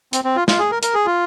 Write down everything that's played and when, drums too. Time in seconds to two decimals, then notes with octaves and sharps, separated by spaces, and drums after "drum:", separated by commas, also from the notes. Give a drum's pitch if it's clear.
0.13 C4, drum: hi-hat
0.24 C4
0.36 F4
0.48 F4, drum: snare
0.59 G#4
0.71 A#4
0.83 A#4, drum: hi-hat
0.94 G#4
1.06 F4